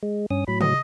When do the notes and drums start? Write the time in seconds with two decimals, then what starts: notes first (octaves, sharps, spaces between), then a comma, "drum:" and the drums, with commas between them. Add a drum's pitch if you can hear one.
0.03 G#3
0.31 G2 C#4 D#6
0.48 A2 F#3 B5
0.61 D#5, drum: tom